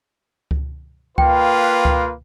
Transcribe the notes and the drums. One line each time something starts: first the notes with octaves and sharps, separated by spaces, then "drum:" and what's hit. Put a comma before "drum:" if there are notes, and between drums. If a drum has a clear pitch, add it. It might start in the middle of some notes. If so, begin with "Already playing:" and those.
drum: kick C#2
A#3 F4 B4 G5, drum: kick C#2
drum: kick C#2